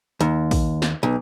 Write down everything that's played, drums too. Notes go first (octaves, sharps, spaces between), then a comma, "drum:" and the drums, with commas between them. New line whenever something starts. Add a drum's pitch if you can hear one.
D#2, drum: hi-hat
drum: kick, open hi-hat
drum: snare
B1